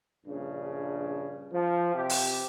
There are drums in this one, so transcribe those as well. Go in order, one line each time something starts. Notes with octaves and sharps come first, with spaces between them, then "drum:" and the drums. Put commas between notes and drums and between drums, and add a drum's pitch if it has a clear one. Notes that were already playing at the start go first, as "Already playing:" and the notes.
A#1 G2 C#3
F3
C3 G4
drum: open hi-hat